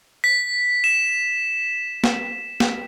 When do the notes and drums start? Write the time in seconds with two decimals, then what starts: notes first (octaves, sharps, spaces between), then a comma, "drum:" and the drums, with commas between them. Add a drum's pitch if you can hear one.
0.24 B6
0.84 E7
2.04 drum: snare
2.60 drum: snare